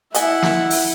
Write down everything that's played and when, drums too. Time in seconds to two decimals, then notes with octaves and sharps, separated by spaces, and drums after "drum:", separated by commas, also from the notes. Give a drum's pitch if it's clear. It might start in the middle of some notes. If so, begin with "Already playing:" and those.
0.14 A3 E4 D#5 E5 F#5 G#5, drum: hi-hat
0.42 drum: snare
0.70 drum: open hi-hat